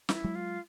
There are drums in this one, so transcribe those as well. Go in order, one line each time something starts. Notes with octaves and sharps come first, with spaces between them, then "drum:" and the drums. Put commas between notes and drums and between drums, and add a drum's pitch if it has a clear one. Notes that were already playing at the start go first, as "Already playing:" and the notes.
D#4, drum: snare
E4
F#3 G#3
F4